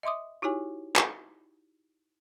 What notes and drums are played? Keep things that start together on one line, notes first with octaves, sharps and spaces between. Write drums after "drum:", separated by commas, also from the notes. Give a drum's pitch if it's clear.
D#5 E5 C6 D6 D#6
D#4 E4 F#4 G4 C#5 G#5
drum: clap